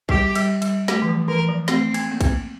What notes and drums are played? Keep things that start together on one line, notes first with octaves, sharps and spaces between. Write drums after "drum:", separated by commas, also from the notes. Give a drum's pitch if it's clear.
G3 G4, drum: kick
G3, drum: cymbal
G3, drum: cymbal
A3 G4, drum: snare
E3
F3
E3 A#4
F3
A3 C4, drum: snare
C4, drum: cymbal
A#3
C4, drum: kick, cymbal